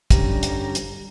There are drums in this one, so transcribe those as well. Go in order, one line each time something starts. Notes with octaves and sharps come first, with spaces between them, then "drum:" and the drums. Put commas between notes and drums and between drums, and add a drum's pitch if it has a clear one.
G2 D3 G3 C#4 G4 A#5, drum: kick, hi-hat
drum: hi-hat
drum: hi-hat